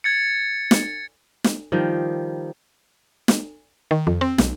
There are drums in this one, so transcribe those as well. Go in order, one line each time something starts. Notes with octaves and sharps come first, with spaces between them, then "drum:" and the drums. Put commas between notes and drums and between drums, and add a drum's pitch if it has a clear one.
G#6 A6 C#7
drum: snare
drum: snare
D#3 F3 G3
drum: snare
D#3
F2
C4
B1, drum: snare